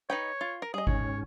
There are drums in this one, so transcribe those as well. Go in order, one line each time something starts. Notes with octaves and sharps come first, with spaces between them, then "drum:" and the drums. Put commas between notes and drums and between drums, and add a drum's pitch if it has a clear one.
D#4 B4 C#5 G5
F4
A#4
G3 G#4 D#5 D#6
G#2 C#4 C#5, drum: kick G1